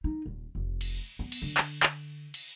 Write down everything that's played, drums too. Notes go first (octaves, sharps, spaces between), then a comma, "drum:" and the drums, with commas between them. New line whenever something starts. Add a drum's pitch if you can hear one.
D#4
D#1
F1
drum: cymbal
B3
drum: cymbal
D3
drum: clap
drum: clap
drum: cymbal